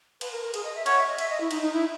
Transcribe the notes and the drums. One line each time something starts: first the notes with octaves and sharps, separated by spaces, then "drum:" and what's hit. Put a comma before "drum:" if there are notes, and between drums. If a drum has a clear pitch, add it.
B4, drum: cymbal
A#4
A#4
G#4, drum: cymbal
D#5
E5
C#5 F#5, drum: cymbal
E5
D#5
E5, drum: cymbal
D#5
E4
D#4, drum: cymbal
D#4
E4